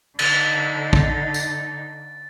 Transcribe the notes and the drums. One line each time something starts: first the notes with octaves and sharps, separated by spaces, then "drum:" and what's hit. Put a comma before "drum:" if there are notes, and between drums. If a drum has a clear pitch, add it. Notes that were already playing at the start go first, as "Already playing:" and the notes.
D3 D#4 A6, drum: cymbal
drum: kick
drum: tambourine